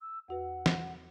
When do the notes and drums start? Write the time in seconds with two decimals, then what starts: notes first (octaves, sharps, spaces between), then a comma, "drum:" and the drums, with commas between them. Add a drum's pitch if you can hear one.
0.01 E6
0.28 E2 F#4 B4 F#5
0.66 drum: snare